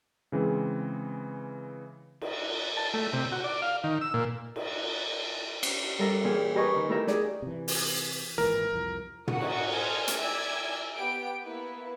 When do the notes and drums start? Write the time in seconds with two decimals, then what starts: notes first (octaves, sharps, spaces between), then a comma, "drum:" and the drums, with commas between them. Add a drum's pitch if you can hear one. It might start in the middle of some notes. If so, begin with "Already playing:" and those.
0.32 C#3 E3 G#3 C4
2.21 drum: cymbal
2.77 A5
2.94 A3
3.13 C3
3.32 F#4
3.44 D5
3.62 F5
3.84 D#3
4.01 E6
4.14 A#2
4.56 drum: cymbal
5.63 drum: cymbal
5.99 G3 A4 A#4 E5
6.24 A#2 E3 G#4 E5 G5 F6
6.55 G4 A#4 B4 D#5 G#5 C#6
6.75 D#3
6.89 A3 E4 G4 A#4 E5
7.07 E4 G#4 D5, drum: snare
7.42 C3 E3
7.68 drum: open hi-hat
8.38 G#1 A#2 E3 A#4
8.73 C2 F2
9.28 C#4 F#4 A#4 C#5 F#5 D#6, drum: tom
9.41 drum: cymbal
9.67 G#4 A4 C5 G#5 F6
10.08 drum: hi-hat
10.19 D5 E5 G5 G#5 E6 G#6
10.93 B3 G4 G5 G6 D7
11.41 A#3 B3 E4 B4